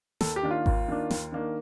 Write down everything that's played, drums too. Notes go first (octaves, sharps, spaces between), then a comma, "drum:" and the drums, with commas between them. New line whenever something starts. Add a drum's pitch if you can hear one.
D#2 A4, drum: snare
G4
D#3 A#3 D4
F4
D#2, drum: kick G#1
D#3 A#3 D4
D#2, drum: snare
D#3 A#3 D4